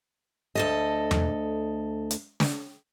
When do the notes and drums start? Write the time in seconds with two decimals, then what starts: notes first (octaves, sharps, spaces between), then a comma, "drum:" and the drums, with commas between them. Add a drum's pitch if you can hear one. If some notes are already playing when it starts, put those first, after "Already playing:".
0.55 D2 A4 D#5
1.11 drum: tom E2
2.11 drum: hi-hat
2.40 drum: snare